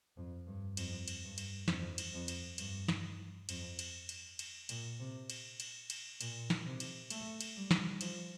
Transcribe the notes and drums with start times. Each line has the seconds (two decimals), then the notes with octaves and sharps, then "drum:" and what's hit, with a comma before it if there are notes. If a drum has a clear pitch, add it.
0.17 F2
0.47 G2
0.77 F2, drum: cymbal
1.08 drum: cymbal
1.23 G2
1.38 drum: cymbal
1.68 F2, drum: snare
1.98 drum: cymbal
2.13 F2
2.28 drum: cymbal
2.58 G2, drum: cymbal
2.88 drum: snare
3.49 F2, drum: cymbal
3.79 drum: cymbal
4.09 drum: cymbal
4.39 drum: cymbal
4.69 A#2, drum: cymbal
5.00 C3
5.30 drum: cymbal
5.60 drum: cymbal
5.90 drum: cymbal
6.21 A#2, drum: cymbal
6.50 drum: snare
6.66 C3
6.80 drum: cymbal
7.10 A3, drum: cymbal
7.41 drum: cymbal
7.56 G3
7.71 drum: snare
8.01 F3, drum: cymbal